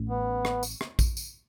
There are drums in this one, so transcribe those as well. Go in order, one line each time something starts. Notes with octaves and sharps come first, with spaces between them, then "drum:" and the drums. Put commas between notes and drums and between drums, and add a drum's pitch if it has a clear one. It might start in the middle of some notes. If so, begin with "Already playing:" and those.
Already playing: A1 A2 A3 C#4
B3
drum: rim click
drum: tambourine
drum: rim click
drum: kick A#1, tambourine
drum: tambourine